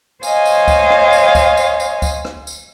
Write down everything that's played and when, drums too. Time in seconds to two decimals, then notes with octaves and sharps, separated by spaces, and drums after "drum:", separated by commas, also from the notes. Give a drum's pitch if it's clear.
0.23 C5 C#5 D#5 F5 G#5, drum: tambourine
0.45 drum: tambourine
0.68 drum: kick C#2, tambourine
0.90 drum: rim click
1.13 drum: tambourine
1.35 drum: kick C#2, tambourine
1.57 drum: tambourine
1.80 drum: tambourine
2.02 drum: kick C#2, tambourine
2.25 drum: rim click
2.47 drum: tambourine